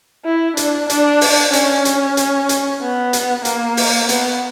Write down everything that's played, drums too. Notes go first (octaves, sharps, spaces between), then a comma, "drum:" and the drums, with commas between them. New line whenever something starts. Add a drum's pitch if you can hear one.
E4
D4, drum: hi-hat
D4, drum: hi-hat
drum: open hi-hat
C#4, drum: hi-hat
drum: hi-hat
drum: hi-hat
drum: hi-hat
B3
drum: hi-hat
A#3, drum: hi-hat
drum: open hi-hat
B3, drum: hi-hat